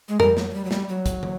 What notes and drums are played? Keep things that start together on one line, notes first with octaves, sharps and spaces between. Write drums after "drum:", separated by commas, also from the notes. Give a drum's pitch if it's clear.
G#3
G3 A#4, drum: tom F2
F#3, drum: snare
F#3
G3
F#3
G3, drum: snare
F#3
drum: kick, hi-hat
drum: tom